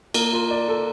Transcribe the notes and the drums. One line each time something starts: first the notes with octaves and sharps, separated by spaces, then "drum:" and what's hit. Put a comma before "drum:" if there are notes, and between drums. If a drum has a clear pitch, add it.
A#3, drum: cymbal
F4
D5
A4